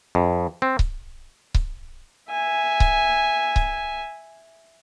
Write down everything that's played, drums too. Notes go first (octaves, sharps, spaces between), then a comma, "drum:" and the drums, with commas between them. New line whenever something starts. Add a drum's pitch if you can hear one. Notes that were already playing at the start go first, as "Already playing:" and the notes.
F2
C4
drum: kick C#1
drum: kick C#1
E5 G#5
drum: kick C#1
drum: kick C#1